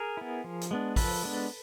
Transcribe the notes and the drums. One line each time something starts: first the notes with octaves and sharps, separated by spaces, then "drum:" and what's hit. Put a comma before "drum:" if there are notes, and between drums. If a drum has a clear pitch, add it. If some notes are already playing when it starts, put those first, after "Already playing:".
Already playing: G#4 A#4
B3 E4
F3
drum: hi-hat
G#3 B3 D4
F3 A4 B4, drum: kick, open hi-hat
G#3 B3 D4